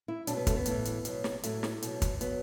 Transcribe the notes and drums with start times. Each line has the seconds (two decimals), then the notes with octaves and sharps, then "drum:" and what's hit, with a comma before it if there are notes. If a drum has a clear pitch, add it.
0.08 E4
0.27 B2 F#3 D4, drum: hi-hat
0.37 B3
0.47 A3, drum: kick, hi-hat
0.56 B3
0.66 A2 E3, drum: hi-hat
0.85 drum: hi-hat
1.05 B2 F#3, drum: hi-hat
1.24 drum: snare
1.43 A2 F#3 A3, drum: hi-hat
1.63 drum: snare
1.82 B2 F#3, drum: hi-hat
2.02 drum: kick, hi-hat
2.21 B2 F#3 B3, drum: hi-hat